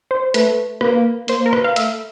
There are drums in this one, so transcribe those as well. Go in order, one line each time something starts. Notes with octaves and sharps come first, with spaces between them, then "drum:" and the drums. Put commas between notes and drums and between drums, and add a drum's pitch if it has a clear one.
C5
A3 B4, drum: hi-hat
A#3 B4, drum: rim click
A#3 C5, drum: hi-hat
A#4
B4, drum: rim click
F5
A3 E5, drum: hi-hat